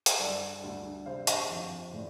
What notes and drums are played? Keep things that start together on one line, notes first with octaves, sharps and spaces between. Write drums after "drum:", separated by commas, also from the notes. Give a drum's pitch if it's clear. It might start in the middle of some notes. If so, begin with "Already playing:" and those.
drum: hi-hat
G2 G3 D4 A4 D5
D2 D3 G3 D4
C3 G3 D4 C5 F5
C5 F5, drum: hi-hat
F2 F3 C4
A2 A3 D4